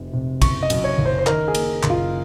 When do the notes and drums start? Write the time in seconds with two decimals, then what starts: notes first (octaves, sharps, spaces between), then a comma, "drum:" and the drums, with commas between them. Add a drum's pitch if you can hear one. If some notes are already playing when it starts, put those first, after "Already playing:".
Already playing: F1 C3
0.13 C3
0.42 F#1 C#6, drum: kick, cymbal
0.63 D#5
0.70 F#2, drum: cymbal
0.84 C#5
0.98 F#1
1.06 C5
1.19 C5
1.26 D#3 A#4, drum: clap
1.48 G#4
1.55 A#3, drum: cymbal
1.83 F#1, drum: clap
1.90 F4